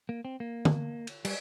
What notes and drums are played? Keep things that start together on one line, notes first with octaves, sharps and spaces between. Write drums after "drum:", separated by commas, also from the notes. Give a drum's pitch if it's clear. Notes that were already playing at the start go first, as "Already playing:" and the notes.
A#3
C4
A#3
drum: tom D3
drum: cymbal
G3, drum: cymbal